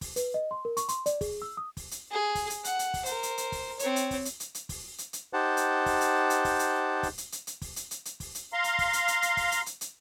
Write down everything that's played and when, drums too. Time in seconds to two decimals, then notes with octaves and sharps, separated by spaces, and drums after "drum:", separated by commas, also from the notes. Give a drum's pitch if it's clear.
0.01 drum: kick, open hi-hat
0.16 B4, drum: hi-hat
0.34 D#5
0.51 C6
0.65 A#4
0.77 C#6, drum: hi-hat
0.89 C6, drum: hi-hat
1.06 D5, drum: hi-hat
1.21 G#4, drum: kick, open hi-hat
1.42 E6
1.57 D#6
1.77 drum: kick, open hi-hat
1.91 drum: hi-hat
2.12 G#4
2.35 drum: kick, open hi-hat
2.50 drum: hi-hat
2.64 F#5, drum: hi-hat
2.79 drum: hi-hat
2.94 drum: kick, open hi-hat
3.06 A#4 C5, drum: hi-hat
3.23 drum: hi-hat
3.38 drum: hi-hat
3.52 drum: kick, open hi-hat
3.79 C4 C#5, drum: hi-hat
3.96 drum: hi-hat
4.11 drum: kick, open hi-hat
4.25 drum: hi-hat
4.40 drum: hi-hat
4.55 drum: hi-hat
4.69 drum: kick, open hi-hat
4.98 drum: hi-hat
5.13 drum: hi-hat
5.33 D#4 G4 C5 F#5 A5
5.57 drum: hi-hat
5.86 drum: kick, open hi-hat
6.01 drum: hi-hat
6.30 drum: hi-hat
6.45 drum: kick, open hi-hat
6.59 drum: hi-hat
7.03 drum: kick, open hi-hat
7.18 drum: hi-hat
7.32 drum: hi-hat
7.47 drum: hi-hat
7.62 drum: kick, open hi-hat
7.76 drum: hi-hat
7.91 drum: hi-hat
8.05 drum: hi-hat
8.20 drum: kick, open hi-hat
8.35 drum: hi-hat
8.53 F5 A#5 C6
8.64 drum: hi-hat
8.79 drum: kick, open hi-hat
8.93 drum: hi-hat
9.08 drum: hi-hat
9.22 drum: hi-hat
9.37 drum: kick, open hi-hat
9.52 drum: hi-hat
9.66 drum: hi-hat
9.81 drum: hi-hat